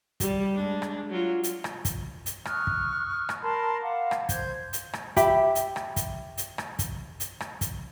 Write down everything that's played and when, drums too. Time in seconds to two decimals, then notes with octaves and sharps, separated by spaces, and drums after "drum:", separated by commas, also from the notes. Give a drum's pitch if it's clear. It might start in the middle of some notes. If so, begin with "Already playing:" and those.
0.20 G3, drum: kick, hi-hat
0.54 G#3 D4
0.82 drum: rim click
1.10 F#3 F4
1.44 drum: hi-hat
1.64 drum: rim click
1.85 drum: kick, hi-hat
2.26 drum: hi-hat
2.45 C#6 D#6 F6 F#6, drum: rim click
2.67 drum: kick
3.29 drum: rim click
3.42 A#4 A5 B5 C6
3.82 F5 F#5 D6
4.11 drum: rim click
4.29 C5 G6 G#6, drum: kick, hi-hat
4.73 drum: hi-hat
4.93 drum: rim click
5.17 G4 E5 B5, drum: kick, hi-hat
5.55 drum: hi-hat
5.76 drum: rim click
5.96 drum: kick, hi-hat
6.38 drum: hi-hat
6.58 drum: rim click
6.79 drum: kick, hi-hat
7.20 drum: hi-hat
7.40 drum: rim click
7.61 drum: kick, hi-hat